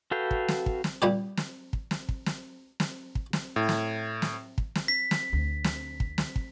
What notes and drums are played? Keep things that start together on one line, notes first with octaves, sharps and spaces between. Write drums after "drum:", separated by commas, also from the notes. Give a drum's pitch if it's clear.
F#4 A4 B4 F5 G5
drum: kick
drum: snare
drum: kick
drum: snare
A#2 G3 G4
drum: snare
drum: kick
drum: snare
drum: kick
drum: snare
drum: snare
drum: kick
drum: snare
A2
drum: snare
drum: snare
drum: kick
drum: snare
B6
drum: snare
D2
drum: snare
drum: kick
drum: snare
drum: kick